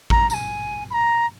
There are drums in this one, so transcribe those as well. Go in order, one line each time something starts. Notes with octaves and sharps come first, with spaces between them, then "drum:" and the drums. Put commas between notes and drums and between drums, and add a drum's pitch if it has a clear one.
A#5, drum: kick A1
A#5, drum: tambourine
G#5
B5
A#5